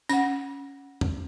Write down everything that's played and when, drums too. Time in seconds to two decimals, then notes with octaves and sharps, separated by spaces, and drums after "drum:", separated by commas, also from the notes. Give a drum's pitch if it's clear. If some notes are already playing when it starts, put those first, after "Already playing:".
0.09 C#4 F#5, drum: tambourine
1.01 drum: tom